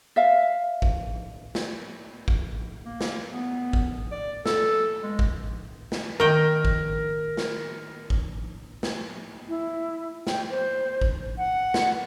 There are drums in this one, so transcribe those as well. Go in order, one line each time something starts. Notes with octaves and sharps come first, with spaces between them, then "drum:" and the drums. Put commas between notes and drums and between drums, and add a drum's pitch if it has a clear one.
E5 F5
drum: kick
drum: snare
drum: kick
A#3
drum: snare
B3
drum: kick
D5
A4, drum: snare
G#3
drum: kick
drum: snare
D#3 A#4 G5
drum: kick
drum: snare
drum: kick
drum: snare
E4
G5, drum: snare
C5
drum: kick
F#5
drum: snare